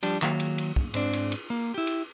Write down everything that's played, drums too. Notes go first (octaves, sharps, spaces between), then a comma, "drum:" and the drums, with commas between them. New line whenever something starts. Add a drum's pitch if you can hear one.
F3 G3 D4 G4, drum: cymbal
D#3 F#3 A#3, drum: clap
drum: cymbal
drum: cymbal
drum: kick
G#2 C4 D4, drum: cymbal
drum: cymbal
drum: cymbal
A#3
E4 G4
drum: cymbal